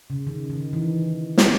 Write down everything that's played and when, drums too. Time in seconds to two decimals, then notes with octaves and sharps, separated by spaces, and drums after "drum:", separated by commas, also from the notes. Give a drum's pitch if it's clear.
0.10 C#3
0.27 D#3
0.50 D#3
0.73 E3
1.38 drum: snare